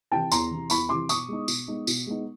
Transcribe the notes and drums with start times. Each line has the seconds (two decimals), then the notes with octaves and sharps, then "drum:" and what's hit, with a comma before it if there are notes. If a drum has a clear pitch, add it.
0.12 C3 E3 G5 A5
0.32 E2 A#5 C6, drum: tambourine
0.51 C3 E3
0.70 E2 B5 C#6, drum: tambourine
0.89 C3 E3 C6 D6
1.09 B2 C#6 D#6, drum: tambourine
1.28 G#3 B3 D#4
1.48 B2, drum: tambourine
1.68 G#3 B3 D#4
1.87 B2, drum: tambourine
2.07 G#3 B3 D#4